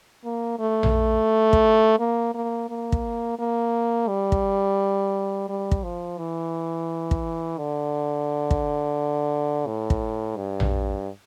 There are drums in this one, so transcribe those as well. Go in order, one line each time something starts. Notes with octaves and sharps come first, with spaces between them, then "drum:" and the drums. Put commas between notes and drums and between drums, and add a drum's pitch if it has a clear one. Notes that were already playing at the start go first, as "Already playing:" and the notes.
A#3
A3
drum: tom A#1
drum: kick
A#3
A#3
A#3
drum: kick
A#3
G3
drum: kick
G3
drum: kick
F3
E3
drum: kick
D3
drum: kick
A2
drum: kick
G2
drum: tom A#1